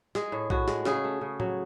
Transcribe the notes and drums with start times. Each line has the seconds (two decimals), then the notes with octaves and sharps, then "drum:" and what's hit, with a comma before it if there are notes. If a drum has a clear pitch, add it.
0.15 G#3 G#4, drum: snare
0.32 A2
0.50 A2 F#4, drum: kick A#1
0.68 G#3, drum: snare
0.85 C#3 G#4, drum: snare
1.04 A3
1.21 C#3
1.40 F#3, drum: tom A2